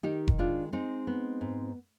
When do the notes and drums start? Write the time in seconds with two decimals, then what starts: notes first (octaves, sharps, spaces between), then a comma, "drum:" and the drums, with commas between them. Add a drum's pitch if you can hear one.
0.03 D#3 D#4 G4
0.28 drum: kick F1
0.38 G#3 D4 F4
0.73 G#3 C4 D#4
1.07 B3
1.41 G#2